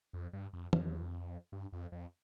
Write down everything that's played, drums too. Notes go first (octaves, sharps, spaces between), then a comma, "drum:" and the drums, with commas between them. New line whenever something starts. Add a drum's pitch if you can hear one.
F2
G2
F2
F2, drum: tom E3
E2
F2
G2
F2
F2